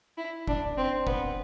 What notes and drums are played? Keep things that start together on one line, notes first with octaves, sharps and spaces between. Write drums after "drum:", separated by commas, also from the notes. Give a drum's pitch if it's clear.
E4
D4, drum: kick F1
C4
B3, drum: kick F1